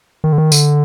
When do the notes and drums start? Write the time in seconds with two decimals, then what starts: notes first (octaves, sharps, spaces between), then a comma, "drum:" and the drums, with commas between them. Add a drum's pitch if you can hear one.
0.24 D#3
0.33 D3
0.38 D#3
0.52 D3, drum: tambourine